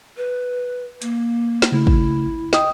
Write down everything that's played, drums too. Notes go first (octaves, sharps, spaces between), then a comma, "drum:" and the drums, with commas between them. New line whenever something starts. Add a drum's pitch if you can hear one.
B4
A#3, drum: hi-hat
drum: snare
C#3 A3 E4
drum: kick
D#5 G5 D#6, drum: snare